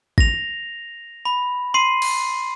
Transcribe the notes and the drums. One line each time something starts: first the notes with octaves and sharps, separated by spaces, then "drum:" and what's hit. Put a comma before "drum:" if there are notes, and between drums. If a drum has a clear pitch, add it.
A#6 F7, drum: kick
B5
C6 C7 D#7
drum: cymbal